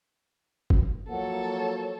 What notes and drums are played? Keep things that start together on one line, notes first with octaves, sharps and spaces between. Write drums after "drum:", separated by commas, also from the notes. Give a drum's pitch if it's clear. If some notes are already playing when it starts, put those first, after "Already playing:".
drum: kick
F3 F#3 A#3 A4 C#5 F#5